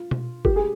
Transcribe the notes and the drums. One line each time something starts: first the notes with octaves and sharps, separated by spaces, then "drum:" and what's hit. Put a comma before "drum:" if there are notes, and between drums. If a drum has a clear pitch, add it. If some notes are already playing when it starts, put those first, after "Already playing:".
Already playing: F4
drum: tom B2
G4, drum: kick F#1
G#4